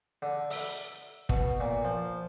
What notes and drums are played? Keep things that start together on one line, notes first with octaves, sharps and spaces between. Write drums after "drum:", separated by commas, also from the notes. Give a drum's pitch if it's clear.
D3
E5, drum: open hi-hat
B2, drum: kick
A#2
F3